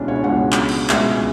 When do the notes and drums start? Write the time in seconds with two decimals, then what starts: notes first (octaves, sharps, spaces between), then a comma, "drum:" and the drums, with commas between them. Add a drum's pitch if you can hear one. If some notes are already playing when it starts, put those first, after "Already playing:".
Already playing: C#2 B2 G#3 C#4 D4 E4
0.08 C#5
0.24 C#2 B2 G#3 F#5
0.52 drum: clap
0.69 drum: cymbal
0.89 C#2 B2 G#3 E5, drum: clap